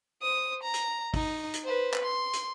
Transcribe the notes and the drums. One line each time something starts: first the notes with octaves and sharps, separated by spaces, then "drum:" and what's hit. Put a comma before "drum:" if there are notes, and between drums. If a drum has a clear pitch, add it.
C5 D#6
A#5
drum: hi-hat
D#4, drum: kick, open hi-hat
drum: hi-hat
B4 C5
drum: clap
C6
drum: hi-hat